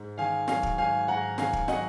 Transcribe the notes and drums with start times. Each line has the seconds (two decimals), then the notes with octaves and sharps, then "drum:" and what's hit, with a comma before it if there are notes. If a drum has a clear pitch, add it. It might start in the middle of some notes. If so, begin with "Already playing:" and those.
Already playing: G#2
0.18 D#3 F5 G#5
0.48 F#3 F5 G#5, drum: snare
0.63 drum: kick
0.78 G#2 F5 G#5
1.08 G#2 F#5 A#5
1.38 D#3 F5 G#5, drum: snare
1.53 drum: kick
1.68 F#3 D#5 F#5, drum: snare